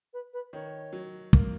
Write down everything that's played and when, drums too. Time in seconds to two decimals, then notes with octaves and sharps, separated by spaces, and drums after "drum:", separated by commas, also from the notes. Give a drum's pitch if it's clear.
0.13 B4
0.33 B4
0.53 D#3 C#5
0.93 F#3
1.33 A#3, drum: kick